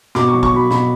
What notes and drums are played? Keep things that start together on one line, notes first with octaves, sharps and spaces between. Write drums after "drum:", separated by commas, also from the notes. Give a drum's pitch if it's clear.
B2 D6, drum: snare
F#3 C#6
C#6, drum: kick
F#3 B5
B2 B5, drum: snare